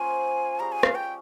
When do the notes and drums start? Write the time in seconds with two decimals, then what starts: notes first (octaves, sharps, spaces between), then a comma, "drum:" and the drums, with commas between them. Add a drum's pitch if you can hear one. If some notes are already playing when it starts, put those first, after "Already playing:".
Already playing: A#3 C#4 F4 C5 G#5
0.60 G3 C#4 G#4 A#5
0.72 G#5
0.83 F5, drum: rim click
0.95 G5